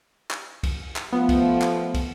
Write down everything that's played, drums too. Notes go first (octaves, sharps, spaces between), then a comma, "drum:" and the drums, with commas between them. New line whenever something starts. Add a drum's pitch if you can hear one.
drum: clap
drum: kick, cymbal
drum: clap
F3 A3 B3 F4
drum: kick, cymbal
drum: clap
drum: kick, cymbal